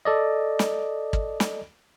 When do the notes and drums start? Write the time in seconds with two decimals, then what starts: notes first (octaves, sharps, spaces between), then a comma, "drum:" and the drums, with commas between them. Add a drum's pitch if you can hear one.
0.05 A4 D5 D#5
0.59 drum: snare
1.13 drum: kick
1.40 drum: snare